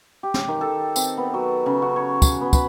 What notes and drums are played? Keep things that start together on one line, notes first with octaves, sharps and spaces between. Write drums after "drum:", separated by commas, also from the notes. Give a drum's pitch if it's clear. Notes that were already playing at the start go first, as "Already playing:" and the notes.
G4
drum: snare
D#3
A4
C4, drum: tambourine
B3
F#3
C#3
F#4
C#5
G#5, drum: kick, tambourine
B3
B4, drum: kick, tambourine